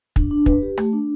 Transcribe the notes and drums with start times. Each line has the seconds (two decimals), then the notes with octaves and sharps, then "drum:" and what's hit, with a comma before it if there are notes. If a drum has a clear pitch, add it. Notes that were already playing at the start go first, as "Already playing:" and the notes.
0.16 D4, drum: kick
0.31 D4
0.46 B4, drum: kick
0.62 G4
0.78 A3, drum: rim click
0.93 D4